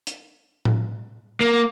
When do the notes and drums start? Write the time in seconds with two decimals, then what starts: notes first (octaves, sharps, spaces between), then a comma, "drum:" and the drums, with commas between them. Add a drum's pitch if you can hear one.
0.07 drum: hi-hat
0.65 drum: tom A2
1.41 A#3